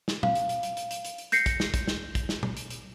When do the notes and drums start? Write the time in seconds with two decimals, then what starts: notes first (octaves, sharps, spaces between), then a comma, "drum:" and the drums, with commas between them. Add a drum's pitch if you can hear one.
0.08 drum: snare
0.23 F5, drum: tom
0.35 drum: hi-hat
0.49 drum: hi-hat
0.63 drum: hi-hat
0.77 drum: hi-hat
0.91 drum: hi-hat
1.05 drum: hi-hat
1.18 drum: hi-hat
1.32 G6 A#6 C7 C#7, drum: hi-hat
1.46 drum: kick, hi-hat
1.60 drum: snare
1.74 drum: kick, hi-hat
1.88 drum: snare
2.15 drum: kick, hi-hat
2.29 drum: snare
2.43 drum: tom
2.57 drum: hi-hat
2.70 drum: hi-hat